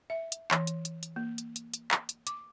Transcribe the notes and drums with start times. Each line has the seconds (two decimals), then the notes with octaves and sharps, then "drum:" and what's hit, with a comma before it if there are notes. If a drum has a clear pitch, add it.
0.10 E5
0.32 drum: hi-hat
0.51 E3, drum: clap
0.67 drum: hi-hat
0.85 drum: hi-hat
1.03 drum: hi-hat
1.16 A#3
1.38 drum: hi-hat
1.56 drum: hi-hat
1.74 drum: hi-hat
1.91 drum: clap
2.09 drum: hi-hat
2.27 D6, drum: hi-hat